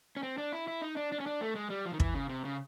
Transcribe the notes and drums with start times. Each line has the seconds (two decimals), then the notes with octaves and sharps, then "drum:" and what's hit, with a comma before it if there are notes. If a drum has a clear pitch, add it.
0.17 C#4
0.23 C4
0.38 D4
0.53 E4
0.68 E4
0.82 D#4
0.97 D4
1.12 D4
1.20 C#4
1.26 D4
1.41 A3
1.55 G#3
1.70 G3
1.86 F3
1.93 D#3
2.00 E3, drum: kick
2.14 C#3
2.29 C3
2.45 C#3